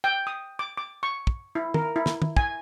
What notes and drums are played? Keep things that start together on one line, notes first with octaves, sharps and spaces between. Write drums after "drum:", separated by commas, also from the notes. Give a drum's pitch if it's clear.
G5
D#6
D6
D6
C#6
drum: kick
E4
A#4, drum: tom
E4
drum: snare
drum: tom
G#5, drum: kick